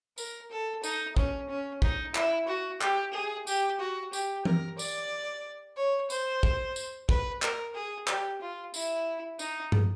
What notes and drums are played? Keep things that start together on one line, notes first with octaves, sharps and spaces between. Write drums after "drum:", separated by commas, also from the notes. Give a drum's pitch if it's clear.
A#4, drum: tambourine
A4
D#4, drum: tambourine
C#4, drum: kick
C#4
D#4, drum: kick
E4, drum: clap
F#4
G4, drum: clap
G#4
G4, drum: tambourine
F#4
G4, drum: tambourine
A#4, drum: tom E3
D5, drum: tambourine
C#5
C5, drum: tambourine
drum: kick
drum: tambourine
B4, drum: kick
A#4, drum: clap
G#4
G4, drum: clap
F4
E4, drum: tambourine
D#4, drum: tambourine
drum: tom G2